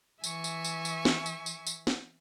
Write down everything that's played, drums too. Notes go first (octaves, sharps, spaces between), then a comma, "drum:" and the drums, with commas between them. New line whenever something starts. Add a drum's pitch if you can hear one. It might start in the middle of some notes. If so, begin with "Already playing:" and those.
E3 E5 G#5 C#6, drum: tambourine
drum: tambourine
drum: tambourine
drum: tambourine
drum: snare
drum: tambourine
drum: tambourine
drum: tambourine
drum: snare